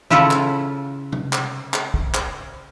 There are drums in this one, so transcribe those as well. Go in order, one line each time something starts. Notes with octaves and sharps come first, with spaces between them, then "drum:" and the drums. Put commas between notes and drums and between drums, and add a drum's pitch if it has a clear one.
C#3 E4 F4 A4 F#5
drum: clap
drum: tom C3
drum: clap
drum: clap
drum: kick
drum: clap